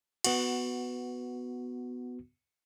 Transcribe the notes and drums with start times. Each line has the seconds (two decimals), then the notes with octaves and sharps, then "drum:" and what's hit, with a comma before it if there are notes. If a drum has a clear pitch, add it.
0.24 B3 F#4, drum: cymbal